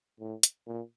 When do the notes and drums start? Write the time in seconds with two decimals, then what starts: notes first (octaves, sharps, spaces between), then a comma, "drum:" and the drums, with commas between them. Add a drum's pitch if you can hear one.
0.20 A2
0.43 drum: hi-hat
0.66 A#2